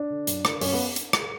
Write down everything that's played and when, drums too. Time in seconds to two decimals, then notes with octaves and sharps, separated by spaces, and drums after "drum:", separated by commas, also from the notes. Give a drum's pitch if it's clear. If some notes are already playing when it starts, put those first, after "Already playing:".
Already playing: D4
0.10 D3
0.27 F#2, drum: hi-hat
0.45 D3, drum: rim click
0.61 F#2 C#4, drum: open hi-hat
0.73 B3
0.96 drum: hi-hat
1.13 drum: rim click